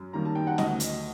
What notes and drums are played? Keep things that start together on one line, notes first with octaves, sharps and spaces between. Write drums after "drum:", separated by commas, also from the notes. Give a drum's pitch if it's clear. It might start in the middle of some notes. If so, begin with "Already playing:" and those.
Already playing: F#2
D#3 G3 A#3 A#5
A5
G5
F#5
D2 D#5, drum: snare C#4
drum: hi-hat